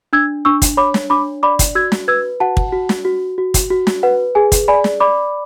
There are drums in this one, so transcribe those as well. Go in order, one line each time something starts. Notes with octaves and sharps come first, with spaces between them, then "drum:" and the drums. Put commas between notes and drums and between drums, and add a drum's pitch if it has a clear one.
D4 E6 G#6
D4 C#6 E6
drum: kick, hi-hat
C#5 B5 D6
drum: snare
D4 B5 D6
D5 B5 D6
drum: kick, hi-hat
F#4 E6 G#6
drum: snare
B4 E6 G#6
F#4 F#5 A5
drum: kick
F#4
drum: snare
F#4
F#4
drum: kick, hi-hat
F#4
drum: snare
B4 F#5
G#4 G#5
drum: kick, hi-hat
D5 G#5 B5
drum: snare
D5 B5 D6